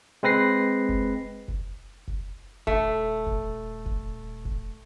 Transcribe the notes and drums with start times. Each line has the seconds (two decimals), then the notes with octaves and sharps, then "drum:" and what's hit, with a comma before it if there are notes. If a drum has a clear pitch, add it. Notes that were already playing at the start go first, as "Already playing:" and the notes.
0.23 G#3 C4 B4 A#6 C7
0.89 drum: kick F1
1.48 drum: kick F1
2.08 drum: kick F1
2.67 D#1 A3, drum: kick F1
3.26 drum: kick F1
3.86 drum: kick F1
4.45 drum: kick F1